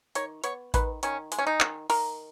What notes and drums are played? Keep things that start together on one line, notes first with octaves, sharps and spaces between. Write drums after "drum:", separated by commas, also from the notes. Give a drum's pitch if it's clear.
D#3 C#5, drum: hi-hat
B3 C#5, drum: hi-hat
D#3 B4, drum: kick A1, hi-hat
D#3 C#4, drum: hi-hat
G#3, drum: hi-hat
C#4
D#4
D#3, drum: clap
D#3 A#4, drum: open hi-hat